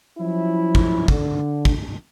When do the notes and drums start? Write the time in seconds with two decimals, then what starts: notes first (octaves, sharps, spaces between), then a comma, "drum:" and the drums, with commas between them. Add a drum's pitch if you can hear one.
0.19 F3 F#3 C#4 E4
0.75 drum: kick
1.08 D3, drum: kick
1.65 drum: kick